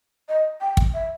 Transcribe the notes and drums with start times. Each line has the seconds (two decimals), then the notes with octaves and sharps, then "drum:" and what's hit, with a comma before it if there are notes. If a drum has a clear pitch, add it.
0.29 D#5
0.61 G5
0.77 drum: kick
0.94 E5